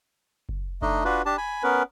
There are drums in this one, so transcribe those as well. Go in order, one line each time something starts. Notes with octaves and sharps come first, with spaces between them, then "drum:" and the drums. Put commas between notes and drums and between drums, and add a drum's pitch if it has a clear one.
drum: kick F#1
A3 D4 D#4 D#5, drum: kick F#1
D4 F4 F#4 B4
D4 G4 A5
G#5 B5
B3 C#4 A#4 B4